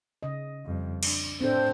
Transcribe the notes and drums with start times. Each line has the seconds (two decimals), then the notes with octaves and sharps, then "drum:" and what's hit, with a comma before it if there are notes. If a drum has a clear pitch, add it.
0.23 C#3 D#5
0.66 F2 G3
1.03 D4, drum: cymbal
1.41 A2 C4 D4 A4 C5